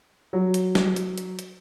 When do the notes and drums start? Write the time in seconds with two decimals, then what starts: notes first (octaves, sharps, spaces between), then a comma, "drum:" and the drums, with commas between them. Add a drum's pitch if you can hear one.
0.33 F#3
0.54 drum: hi-hat
0.75 drum: snare
0.96 drum: hi-hat
1.18 drum: hi-hat
1.39 drum: hi-hat